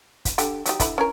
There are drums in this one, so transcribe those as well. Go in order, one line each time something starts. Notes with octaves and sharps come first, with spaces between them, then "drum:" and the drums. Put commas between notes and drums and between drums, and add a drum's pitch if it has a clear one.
drum: kick, hi-hat
D3 G4, drum: hi-hat
F#3 D#4 G4, drum: hi-hat
D3 E4 B5, drum: kick, hi-hat
C#4 E4 A#4